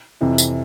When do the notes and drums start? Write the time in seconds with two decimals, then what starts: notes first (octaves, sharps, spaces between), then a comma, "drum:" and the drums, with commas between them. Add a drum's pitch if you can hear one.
0.21 F2 C3 E3
0.38 drum: tambourine